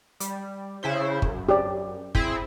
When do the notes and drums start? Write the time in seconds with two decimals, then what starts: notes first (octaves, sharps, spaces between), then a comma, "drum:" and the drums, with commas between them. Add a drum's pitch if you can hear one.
0.20 G3, drum: hi-hat
0.83 C#3 E4 C5
1.22 F#2, drum: kick
1.49 G4 D5
2.15 C4 E4 G#4, drum: kick